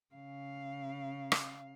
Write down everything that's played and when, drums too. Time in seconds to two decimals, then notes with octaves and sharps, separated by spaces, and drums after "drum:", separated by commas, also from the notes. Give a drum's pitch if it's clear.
0.15 C#3 F5
1.32 drum: rim click